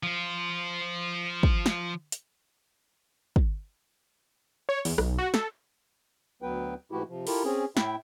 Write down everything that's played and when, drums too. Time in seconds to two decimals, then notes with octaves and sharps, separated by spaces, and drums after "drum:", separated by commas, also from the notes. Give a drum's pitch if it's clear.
0.03 F3 F4
1.43 drum: kick
1.66 drum: snare
2.12 drum: hi-hat
3.36 drum: kick
4.69 C#5
4.85 E2, drum: open hi-hat
4.98 B1, drum: rim click
5.18 F#4
5.34 A4, drum: snare
6.42 D2 F#3 B3 B4 G5
6.92 G#2 E3 A3 E4 F#4 G4
7.09 C3 F3
7.27 E4 F4 G4 A4 A#4, drum: open hi-hat
7.45 C4 C#4 G#4
7.77 A2 E4 E5 G5, drum: snare